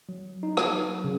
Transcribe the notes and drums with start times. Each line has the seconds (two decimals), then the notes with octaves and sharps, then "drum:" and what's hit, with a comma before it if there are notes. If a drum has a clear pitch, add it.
0.09 F#3
0.43 D#4
0.57 F#3, drum: rim click
1.04 C#3